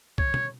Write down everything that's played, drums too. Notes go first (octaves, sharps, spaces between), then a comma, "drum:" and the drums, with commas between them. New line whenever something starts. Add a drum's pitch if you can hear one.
C#5, drum: kick
drum: tom